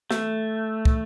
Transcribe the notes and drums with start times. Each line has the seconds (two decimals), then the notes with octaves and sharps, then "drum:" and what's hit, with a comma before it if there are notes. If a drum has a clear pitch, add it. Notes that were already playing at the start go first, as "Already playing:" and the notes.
0.11 A3, drum: snare
0.85 drum: kick